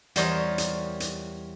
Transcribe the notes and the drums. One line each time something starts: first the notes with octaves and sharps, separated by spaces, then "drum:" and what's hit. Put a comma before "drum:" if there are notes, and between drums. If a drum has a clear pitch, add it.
E2 G3 A#4 C5 C#5 D#5, drum: hi-hat
drum: hi-hat
drum: hi-hat